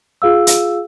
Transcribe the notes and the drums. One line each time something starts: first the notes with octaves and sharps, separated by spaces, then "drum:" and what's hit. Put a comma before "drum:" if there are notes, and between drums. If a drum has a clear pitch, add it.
F4 G#4 F5 E6
drum: hi-hat